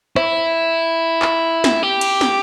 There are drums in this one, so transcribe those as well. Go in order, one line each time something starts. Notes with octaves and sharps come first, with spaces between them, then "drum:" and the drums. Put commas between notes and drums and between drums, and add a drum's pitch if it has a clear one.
E4, drum: rim click
drum: clap
drum: snare
G4
drum: cymbal
drum: snare